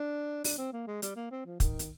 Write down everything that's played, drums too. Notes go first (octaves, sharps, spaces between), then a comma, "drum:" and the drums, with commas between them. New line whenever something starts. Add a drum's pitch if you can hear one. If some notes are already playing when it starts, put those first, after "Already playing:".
Already playing: D4
D4, drum: open hi-hat
C4
A#3
G#3
G3, drum: hi-hat
A#3
C4
F3
D#3, drum: kick, hi-hat
drum: hi-hat